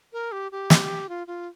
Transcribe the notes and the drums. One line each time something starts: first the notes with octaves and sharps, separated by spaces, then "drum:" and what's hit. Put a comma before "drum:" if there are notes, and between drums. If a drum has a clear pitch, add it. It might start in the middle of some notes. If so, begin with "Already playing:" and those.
A#4
G4
G4
drum: snare
F4
F4